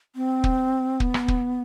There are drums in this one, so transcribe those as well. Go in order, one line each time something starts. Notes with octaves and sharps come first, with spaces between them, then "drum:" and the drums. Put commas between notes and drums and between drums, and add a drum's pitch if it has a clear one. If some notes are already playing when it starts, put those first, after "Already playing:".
C4
drum: kick
B3, drum: kick
drum: rim click
drum: kick